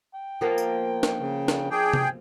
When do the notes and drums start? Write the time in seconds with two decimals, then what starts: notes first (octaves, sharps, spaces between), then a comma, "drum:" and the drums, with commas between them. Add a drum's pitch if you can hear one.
0.14 G5
0.41 F3 A#3 B3
0.58 drum: tambourine
1.03 drum: snare
1.20 C#3
1.48 drum: snare
1.71 D4 G#4 G5
1.93 drum: tom C3